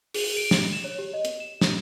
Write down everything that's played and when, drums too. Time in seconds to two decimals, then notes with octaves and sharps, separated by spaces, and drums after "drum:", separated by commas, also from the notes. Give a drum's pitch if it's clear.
0.14 G#4, drum: open hi-hat
0.37 D7
0.51 drum: snare
0.73 E7
0.84 C#5
0.99 G4
1.14 D#5
1.25 drum: hi-hat
1.40 E7
1.61 drum: snare